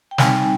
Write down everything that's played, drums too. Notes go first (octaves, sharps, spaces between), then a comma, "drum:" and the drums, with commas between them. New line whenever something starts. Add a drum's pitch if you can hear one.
G5
G3 C4 D#4 G#5, drum: snare